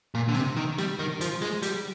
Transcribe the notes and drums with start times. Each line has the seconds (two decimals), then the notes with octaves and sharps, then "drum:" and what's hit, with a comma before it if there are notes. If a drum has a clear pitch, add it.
0.15 A#2
0.29 D3
0.35 C3, drum: snare
0.56 D#3
0.78 G3, drum: snare
0.99 D#3
1.21 F3, drum: hi-hat
1.42 G#3, drum: snare
1.62 G3, drum: hi-hat